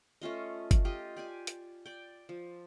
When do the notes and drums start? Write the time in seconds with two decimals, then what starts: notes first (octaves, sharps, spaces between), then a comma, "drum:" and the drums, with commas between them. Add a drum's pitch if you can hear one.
0.22 A3 C#4 F4 D#5
0.71 drum: kick G1, hi-hat
0.85 F4 G4 D#5
1.17 G4 D5 G#5
1.47 drum: hi-hat
1.86 D5 G5
2.29 F3